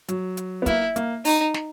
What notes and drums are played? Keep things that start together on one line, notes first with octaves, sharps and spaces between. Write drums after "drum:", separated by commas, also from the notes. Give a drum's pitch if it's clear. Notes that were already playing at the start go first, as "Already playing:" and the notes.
F#3, drum: hi-hat
drum: hi-hat
B3
A#3 E4, drum: kick, hi-hat
A#3, drum: hi-hat
D#4, drum: open hi-hat
drum: snare